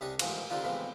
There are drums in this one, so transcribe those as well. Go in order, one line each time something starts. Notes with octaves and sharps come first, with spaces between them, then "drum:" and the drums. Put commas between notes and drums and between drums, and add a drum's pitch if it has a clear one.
C2 G3 C#4 D4 D#5 C#6
A1 G#2 D#3 F3 G#3, drum: cymbal
D3 G3 C4 D4 D#4 F4
E2 A2 E3 F3 G#3 C4